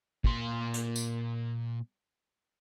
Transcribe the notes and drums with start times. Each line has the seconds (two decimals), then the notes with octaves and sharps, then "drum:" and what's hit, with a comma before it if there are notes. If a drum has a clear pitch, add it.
0.24 A#2 C6, drum: kick
0.74 drum: hi-hat
0.96 drum: tambourine